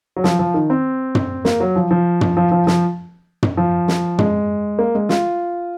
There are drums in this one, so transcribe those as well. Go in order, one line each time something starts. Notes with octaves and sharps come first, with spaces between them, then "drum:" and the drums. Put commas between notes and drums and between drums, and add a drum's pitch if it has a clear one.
F#3
F3, drum: snare
F3
D#3
C4
drum: tom
A#3, drum: snare
F#3
F3
F3
drum: tom
F3
F3
F3, drum: snare
drum: tom
F3
drum: snare
G#3, drum: tom
A#3
G#3
F4, drum: snare